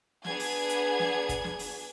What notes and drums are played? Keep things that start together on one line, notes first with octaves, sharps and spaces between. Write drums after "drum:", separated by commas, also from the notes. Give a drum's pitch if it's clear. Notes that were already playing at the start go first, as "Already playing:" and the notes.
B3 D4 G#4 G#6, drum: snare
drum: open hi-hat
drum: hi-hat
drum: snare
drum: kick F#1, hi-hat
drum: snare
drum: open hi-hat